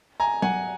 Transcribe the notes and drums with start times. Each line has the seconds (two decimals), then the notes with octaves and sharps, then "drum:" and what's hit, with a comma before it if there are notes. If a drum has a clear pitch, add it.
0.20 G#5 A#5
0.42 F#5 G#5, drum: tom F#3